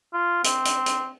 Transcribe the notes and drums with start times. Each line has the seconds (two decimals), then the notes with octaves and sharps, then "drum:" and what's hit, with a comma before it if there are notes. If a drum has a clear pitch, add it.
0.13 F4
0.44 C4, drum: hi-hat
0.65 drum: hi-hat
0.86 drum: hi-hat